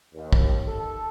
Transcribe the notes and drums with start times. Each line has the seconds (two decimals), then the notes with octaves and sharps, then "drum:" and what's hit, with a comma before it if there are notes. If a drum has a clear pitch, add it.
0.15 D#2
0.33 drum: kick
0.68 A4